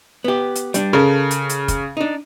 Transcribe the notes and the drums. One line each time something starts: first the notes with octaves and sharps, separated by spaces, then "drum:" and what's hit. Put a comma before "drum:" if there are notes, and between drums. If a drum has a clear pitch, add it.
B3 G4
drum: hi-hat
G3 D4, drum: hi-hat
C#3 A4 A#4
drum: hi-hat
drum: hi-hat
drum: kick, hi-hat
D4 D#4